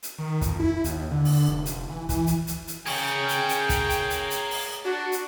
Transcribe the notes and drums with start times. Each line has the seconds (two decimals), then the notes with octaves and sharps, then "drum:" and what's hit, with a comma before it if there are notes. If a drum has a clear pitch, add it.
0.03 drum: hi-hat
0.19 D#3
0.41 F2, drum: kick, hi-hat
0.60 E4
0.84 D#2, drum: hi-hat
1.11 D3
1.25 drum: open hi-hat
1.48 F1
1.66 drum: hi-hat
1.90 E3
2.09 E3, drum: kick, hi-hat
2.27 drum: hi-hat
2.47 drum: hi-hat
2.67 drum: hi-hat
2.86 G#4 A#4 C#5 D5 G5, drum: open hi-hat
3.29 drum: hi-hat
3.49 drum: hi-hat
3.69 drum: kick, hi-hat
3.90 drum: hi-hat
4.10 drum: hi-hat
4.30 drum: hi-hat
4.51 drum: open hi-hat
4.85 D4 F#4
5.12 drum: hi-hat